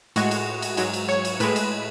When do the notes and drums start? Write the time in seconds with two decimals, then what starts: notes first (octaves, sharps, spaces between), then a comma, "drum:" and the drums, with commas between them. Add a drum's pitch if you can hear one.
0.16 A2 G#3 F#4, drum: cymbal
0.31 drum: cymbal
0.62 drum: cymbal
0.77 G#2 F#3, drum: cymbal
0.94 drum: cymbal
1.09 C#5
1.25 drum: cymbal
1.40 A2 G#3 B4, drum: cymbal
1.56 drum: cymbal